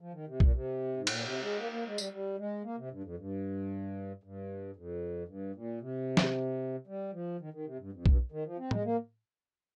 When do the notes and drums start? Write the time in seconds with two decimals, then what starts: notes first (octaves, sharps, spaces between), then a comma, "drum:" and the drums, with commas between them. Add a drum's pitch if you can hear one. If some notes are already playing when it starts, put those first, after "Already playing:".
0.01 F3
0.13 D#3
0.28 C3
0.40 A#2, drum: kick B1
0.54 C3
0.97 G#2
1.07 A#2, drum: cymbal
1.24 C3
1.42 G#3
1.59 A#3
1.72 A#3
1.86 G#3
1.98 G3, drum: tambourine
2.12 G3
2.39 G#3
2.64 A#3
2.77 C3
2.91 G2
3.04 F2
3.17 G2
4.23 G2
4.76 F2
5.28 G2
5.55 A#2
5.81 C3
6.17 drum: snare
6.87 G3
7.13 F3
7.40 D#3
7.53 D#3
7.66 C3
7.79 G2
7.93 F2
8.06 G2, drum: kick B1
8.32 D#3
8.45 F3
8.58 C4
8.71 G#3, drum: tom A2
8.85 A#3